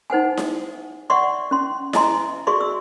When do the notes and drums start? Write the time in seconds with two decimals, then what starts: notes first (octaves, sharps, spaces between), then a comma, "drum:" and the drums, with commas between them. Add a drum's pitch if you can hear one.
0.10 D#4 C5 F#5 G#5
0.37 drum: snare E4
1.10 D5 E5 F#5 C6 C#6
1.51 C#4 C6
1.93 D#5 E5 G#5 A#5 C6, drum: snare E4
2.47 F#4 G#4 D5 E5 C6 C#6
2.61 E6